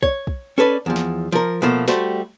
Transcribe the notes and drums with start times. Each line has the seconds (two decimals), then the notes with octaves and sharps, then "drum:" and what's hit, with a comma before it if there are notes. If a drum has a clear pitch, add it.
0.03 C#5, drum: kick
0.27 drum: kick
0.58 C#4 A4 B4 D5
0.86 E2 F3
0.96 drum: snare
1.32 F3 A#4
1.62 B2 F3 A3 A#3
1.88 G3 A3 F#4 C5, drum: snare